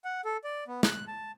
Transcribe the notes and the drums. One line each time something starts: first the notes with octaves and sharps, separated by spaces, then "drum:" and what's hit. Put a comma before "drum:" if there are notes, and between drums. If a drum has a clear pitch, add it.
F#5
A4
D5
B3
F#6, drum: snare
A5